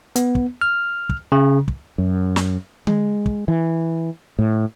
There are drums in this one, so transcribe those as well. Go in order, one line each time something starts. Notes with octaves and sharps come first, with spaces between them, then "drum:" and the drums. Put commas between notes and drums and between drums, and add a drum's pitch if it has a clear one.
B3, drum: hi-hat
drum: kick
F6
drum: kick
C#3
drum: kick
F#2
drum: snare
G#3, drum: tom D3
drum: kick
E3
A2